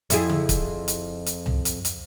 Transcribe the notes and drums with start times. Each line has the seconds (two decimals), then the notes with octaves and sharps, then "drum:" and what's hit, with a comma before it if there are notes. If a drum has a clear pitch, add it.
0.10 F2 E4 G#4, drum: hi-hat
0.29 drum: tom C#3
0.49 drum: kick C#1, hi-hat
0.88 drum: hi-hat
1.26 drum: hi-hat
1.46 drum: tom C2
1.65 drum: hi-hat
1.85 drum: hi-hat